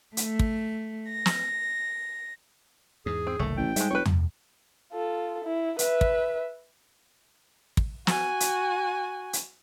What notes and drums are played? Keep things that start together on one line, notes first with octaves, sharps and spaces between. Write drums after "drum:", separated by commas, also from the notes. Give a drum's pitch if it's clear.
A3, drum: hi-hat
drum: kick
A#6
drum: snare
E2 G#2 G#4
C4
F#1 C2 D#3 A3
A1 G5
G#2 G3 G#3 E5, drum: hi-hat
F1 B4 C#5
drum: tom E2
F4 A4
E4
B4 E5, drum: hi-hat
drum: kick
drum: kick
F#4 G#5, drum: snare
drum: hi-hat
drum: hi-hat